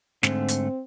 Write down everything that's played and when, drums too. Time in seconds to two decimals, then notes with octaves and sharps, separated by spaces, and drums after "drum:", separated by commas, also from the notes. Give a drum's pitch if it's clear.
0.23 G#2 D3 A3 C4, drum: snare
0.48 drum: hi-hat